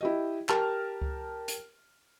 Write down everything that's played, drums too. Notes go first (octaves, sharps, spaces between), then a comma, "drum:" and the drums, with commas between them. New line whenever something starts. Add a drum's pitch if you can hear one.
E4 G4 D#5
G4 A#4 A5 F6, drum: clap
drum: kick C#2
drum: hi-hat